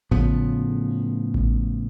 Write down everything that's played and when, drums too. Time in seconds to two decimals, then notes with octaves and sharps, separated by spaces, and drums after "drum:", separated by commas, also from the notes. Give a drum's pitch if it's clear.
0.11 A2 C#3 F3 B3, drum: kick A1
1.34 drum: kick A1